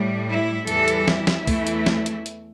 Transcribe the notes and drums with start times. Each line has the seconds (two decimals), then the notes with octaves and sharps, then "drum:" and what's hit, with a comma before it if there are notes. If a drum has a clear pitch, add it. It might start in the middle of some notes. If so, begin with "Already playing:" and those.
Already playing: A2 G3
0.29 E4
0.67 E2 E3 G3 A4, drum: hi-hat
0.88 drum: hi-hat
1.08 E4, drum: snare
1.27 drum: snare
1.47 E2 E3 A3, drum: kick, open hi-hat
1.67 drum: hi-hat
1.86 drum: snare
2.06 drum: hi-hat
2.26 drum: hi-hat